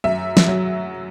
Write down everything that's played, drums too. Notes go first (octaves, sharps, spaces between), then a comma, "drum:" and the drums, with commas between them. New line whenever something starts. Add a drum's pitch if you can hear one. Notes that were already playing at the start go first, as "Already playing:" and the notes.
F#2 E5
drum: snare
F#3